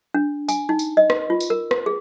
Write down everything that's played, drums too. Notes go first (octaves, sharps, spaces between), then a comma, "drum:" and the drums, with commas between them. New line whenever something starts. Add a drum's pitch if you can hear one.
D4
G#5, drum: tambourine
D#4
drum: tambourine
D#5
drum: rim click
F4
drum: tambourine
A#4
drum: rim click
G#4